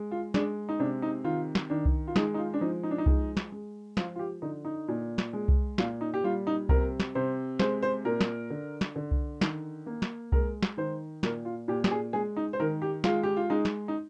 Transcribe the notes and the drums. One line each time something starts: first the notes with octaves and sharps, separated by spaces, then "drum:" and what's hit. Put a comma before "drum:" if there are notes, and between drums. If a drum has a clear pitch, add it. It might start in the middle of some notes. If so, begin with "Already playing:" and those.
Already playing: G#3
F4
G#3 D4, drum: snare
D#4
C3 D4
D#4
D#3 F4
drum: snare
D#3 D4
drum: kick C2
F4
G#3 D#4, drum: snare
D#4
F4
D4
F3 D#4
D#4
D4
D#4
G#3, drum: kick C2
drum: snare
G#3
F3 F4, drum: snare
F4
G4
D3 D#4
D#4
A#2
drum: snare
G#3
drum: kick C2
A#2 F4, drum: snare
D#4
G4
G3 F4
D#4
C3 A#4, drum: kick C2
drum: snare
C3 C5
G#3 C5, drum: snare
C5
A#2 A#4
drum: snare
D3
drum: snare
D3
drum: kick C2
D#3, drum: snare
A#3
drum: snare
G#3 A#4, drum: kick C2
drum: snare
D#3 C5
A#2 A#4, drum: snare
F4
A#2 G4
G4, drum: snare
G#4
G#3 G#4
D#4
C5
D#3 A#4
G4
G#3 F4, drum: snare
G4
F4
G#3 D#4
drum: snare
D#4